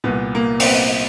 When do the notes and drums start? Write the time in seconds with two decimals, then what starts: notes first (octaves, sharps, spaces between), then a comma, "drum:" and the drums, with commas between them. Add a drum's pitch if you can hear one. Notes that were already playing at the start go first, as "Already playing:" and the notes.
0.04 C2 A#2 B3
0.35 A#3
0.60 C4, drum: open hi-hat
0.64 B3